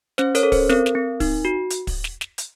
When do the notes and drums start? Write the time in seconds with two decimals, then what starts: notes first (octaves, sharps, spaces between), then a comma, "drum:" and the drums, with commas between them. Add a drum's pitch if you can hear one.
0.18 C#4 C5, drum: snare
0.35 A#4 C#5, drum: hi-hat
0.43 A4
0.52 C5, drum: kick, open hi-hat
0.69 C4 A#4, drum: snare
0.86 drum: snare
0.95 C4
1.20 D#4, drum: kick, open hi-hat
1.45 F#4
1.70 drum: hi-hat
1.87 drum: kick, open hi-hat
2.04 drum: snare
2.21 drum: snare
2.38 drum: hi-hat